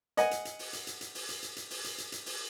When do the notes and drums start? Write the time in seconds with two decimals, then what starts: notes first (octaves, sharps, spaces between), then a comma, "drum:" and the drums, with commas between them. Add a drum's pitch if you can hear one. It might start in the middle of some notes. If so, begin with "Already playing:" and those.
0.17 D#5 F#5 G#5, drum: hi-hat
0.31 drum: hi-hat
0.45 drum: hi-hat
0.59 drum: open hi-hat
0.73 drum: hi-hat
0.87 drum: hi-hat
1.01 drum: hi-hat
1.15 drum: open hi-hat
1.29 drum: hi-hat
1.43 drum: hi-hat
1.57 drum: hi-hat
1.70 drum: open hi-hat
1.84 drum: hi-hat
1.98 drum: hi-hat
2.12 drum: hi-hat
2.26 drum: open hi-hat